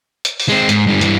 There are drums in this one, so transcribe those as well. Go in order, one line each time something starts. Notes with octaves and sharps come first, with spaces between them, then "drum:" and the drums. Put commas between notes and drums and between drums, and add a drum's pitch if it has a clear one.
drum: hi-hat
drum: open hi-hat
G#3 C4
G#2, drum: hi-hat
G2 D3
G2 E3, drum: hi-hat